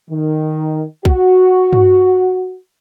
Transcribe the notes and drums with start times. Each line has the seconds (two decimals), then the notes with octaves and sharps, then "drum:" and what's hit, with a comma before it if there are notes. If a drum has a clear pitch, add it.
0.10 D#3
1.05 F#4, drum: kick
1.73 drum: tom G2